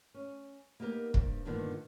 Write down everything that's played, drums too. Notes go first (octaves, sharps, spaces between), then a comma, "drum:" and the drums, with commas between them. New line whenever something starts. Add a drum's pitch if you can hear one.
C#4
A#3 B3 D#4 G4 A#4
G2 C3 A#3, drum: kick
G2 A#2 D3 D#3 B3 D4